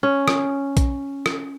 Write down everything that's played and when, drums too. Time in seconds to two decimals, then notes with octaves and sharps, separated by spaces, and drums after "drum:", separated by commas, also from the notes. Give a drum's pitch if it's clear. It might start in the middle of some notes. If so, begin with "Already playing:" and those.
0.03 C#4
0.28 drum: rim click
0.77 drum: kick A#1, hi-hat
1.26 drum: rim click